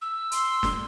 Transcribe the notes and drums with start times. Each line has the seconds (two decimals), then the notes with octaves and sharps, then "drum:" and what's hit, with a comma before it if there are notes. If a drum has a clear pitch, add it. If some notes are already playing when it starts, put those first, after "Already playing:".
0.02 E6
0.32 C6, drum: hi-hat
0.63 drum: snare